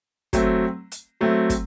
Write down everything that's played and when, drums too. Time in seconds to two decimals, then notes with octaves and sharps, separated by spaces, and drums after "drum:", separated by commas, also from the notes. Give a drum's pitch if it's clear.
0.33 F#3 A3 C4, drum: kick, hi-hat
0.92 drum: hi-hat
1.21 F#3 A3 C4
1.50 drum: kick, hi-hat